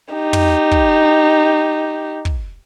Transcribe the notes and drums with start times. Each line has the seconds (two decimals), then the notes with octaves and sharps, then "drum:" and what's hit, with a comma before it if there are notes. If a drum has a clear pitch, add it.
0.14 D#4 G4
0.33 drum: tom
0.71 drum: kick
2.25 drum: kick